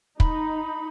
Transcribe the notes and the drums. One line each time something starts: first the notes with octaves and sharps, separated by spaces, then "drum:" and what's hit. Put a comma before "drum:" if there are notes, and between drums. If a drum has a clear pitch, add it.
D#4 B5, drum: kick